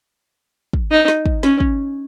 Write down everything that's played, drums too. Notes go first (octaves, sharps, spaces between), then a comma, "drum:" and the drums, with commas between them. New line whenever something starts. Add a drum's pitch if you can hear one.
drum: kick
D#4
drum: snare
drum: kick
C#4, drum: snare
drum: kick